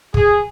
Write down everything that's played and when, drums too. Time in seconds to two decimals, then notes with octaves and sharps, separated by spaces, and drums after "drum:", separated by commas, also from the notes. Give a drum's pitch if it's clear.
0.14 G#4, drum: kick